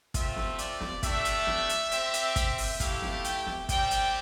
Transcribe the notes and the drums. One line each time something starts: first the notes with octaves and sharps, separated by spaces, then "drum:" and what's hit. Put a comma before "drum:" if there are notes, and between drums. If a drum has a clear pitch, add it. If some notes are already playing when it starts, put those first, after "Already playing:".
A3 C4 F4 E5, drum: kick, hi-hat
drum: snare
D5, drum: hi-hat
drum: snare
A3 D4 G4 E5, drum: kick, hi-hat
drum: hi-hat
drum: snare
drum: hi-hat
C4 G4, drum: hi-hat
drum: hi-hat
drum: kick, hi-hat
drum: open hi-hat
A3 E4 G4 F5, drum: kick, hi-hat
drum: snare
G5, drum: hi-hat
drum: snare
G3 C4 G4 G5, drum: kick, hi-hat
drum: hi-hat